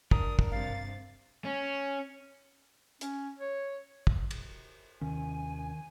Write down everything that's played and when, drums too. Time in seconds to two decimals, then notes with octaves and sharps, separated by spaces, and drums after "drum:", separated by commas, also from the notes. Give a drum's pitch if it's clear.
0.11 D4 A#4 D#6, drum: kick
0.39 drum: kick
0.51 G2 C3 F5 A6
1.45 C#4
3.01 C#4, drum: hi-hat
3.39 C#5
4.07 drum: kick
4.31 drum: cymbal
5.01 D#2 C3 D#3 C#4 G#5